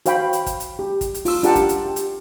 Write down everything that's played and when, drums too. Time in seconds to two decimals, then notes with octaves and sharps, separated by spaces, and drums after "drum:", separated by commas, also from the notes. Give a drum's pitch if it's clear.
0.06 F#4 C5 F5 G5 B5, drum: hi-hat
0.33 drum: hi-hat
0.46 drum: kick, hi-hat
0.60 drum: hi-hat
0.79 G4
1.01 drum: kick, hi-hat
1.14 drum: hi-hat
1.25 F4 E6, drum: open hi-hat
1.43 D4 F4 G4 A#4 F#5 A5, drum: hi-hat
1.55 drum: kick, hi-hat
1.69 drum: hi-hat
1.86 G4
1.96 drum: hi-hat